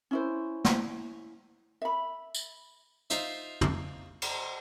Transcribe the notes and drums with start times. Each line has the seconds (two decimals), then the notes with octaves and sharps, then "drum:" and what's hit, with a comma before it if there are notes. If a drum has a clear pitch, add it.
0.11 C#4 E4 C5
0.65 drum: snare
1.82 E5 B5
2.35 drum: tambourine
3.10 D#4 F4 C5 E5, drum: hi-hat
3.61 drum: tom
4.22 drum: cymbal